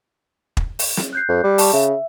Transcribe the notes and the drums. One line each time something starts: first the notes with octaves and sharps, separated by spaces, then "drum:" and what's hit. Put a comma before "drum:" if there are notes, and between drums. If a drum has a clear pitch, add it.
drum: kick
drum: open hi-hat
drum: snare
F#6 G6 C7
F2
G3
A5 C#6, drum: open hi-hat
C#3 E5